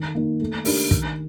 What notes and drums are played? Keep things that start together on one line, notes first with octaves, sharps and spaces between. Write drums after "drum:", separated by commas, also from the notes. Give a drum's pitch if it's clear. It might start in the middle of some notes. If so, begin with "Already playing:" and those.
Already playing: D#3
A#3 D#4
A3
D4 G4 A#4, drum: open hi-hat
D#3, drum: kick